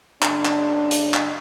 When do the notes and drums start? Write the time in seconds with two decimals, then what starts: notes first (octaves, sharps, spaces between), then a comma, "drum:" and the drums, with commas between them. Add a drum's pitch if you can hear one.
0.22 F#1 C#3 D4, drum: clap
0.45 drum: clap
0.91 drum: hi-hat
1.14 drum: clap